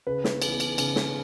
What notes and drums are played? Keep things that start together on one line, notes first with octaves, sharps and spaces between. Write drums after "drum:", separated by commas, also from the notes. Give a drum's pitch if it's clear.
C#3 B4
drum: snare
E3 B3, drum: cymbal
drum: cymbal
C#3, drum: cymbal
drum: snare